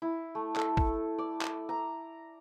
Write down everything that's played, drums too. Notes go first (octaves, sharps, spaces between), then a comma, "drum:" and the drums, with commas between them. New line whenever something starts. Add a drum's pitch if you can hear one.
E4
A3
A4, drum: clap
drum: kick G#1
D5
drum: clap
A#5